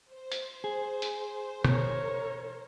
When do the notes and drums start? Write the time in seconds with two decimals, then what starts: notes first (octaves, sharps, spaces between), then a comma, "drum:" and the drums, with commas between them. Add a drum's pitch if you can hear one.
0.13 C5
0.32 drum: hi-hat
0.64 G#4
1.02 drum: hi-hat
1.64 A#4 C#5, drum: tom B2